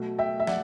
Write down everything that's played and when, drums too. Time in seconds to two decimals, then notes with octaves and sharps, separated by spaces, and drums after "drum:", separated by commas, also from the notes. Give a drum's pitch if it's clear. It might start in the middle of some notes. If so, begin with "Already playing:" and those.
Already playing: B2 F#3 A3
0.19 E5 G5
0.40 E5
0.47 D5 F#5, drum: snare